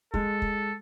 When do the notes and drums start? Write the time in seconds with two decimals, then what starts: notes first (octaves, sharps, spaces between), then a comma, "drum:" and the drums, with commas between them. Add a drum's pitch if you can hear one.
0.14 G#3 A4, drum: kick
0.42 drum: kick